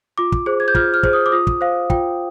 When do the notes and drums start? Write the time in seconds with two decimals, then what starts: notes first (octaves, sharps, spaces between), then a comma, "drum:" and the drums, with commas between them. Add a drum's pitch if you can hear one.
0.18 F4 D6
0.32 drum: kick
0.46 G#4 C5
0.60 G#6
0.68 G6
0.75 F4 F6, drum: kick
0.94 F6
1.03 G#4 C5, drum: kick
1.13 D#6
1.26 D6
1.32 F4 D#6
1.47 drum: kick
1.61 C5 F5
1.90 F4 G5, drum: kick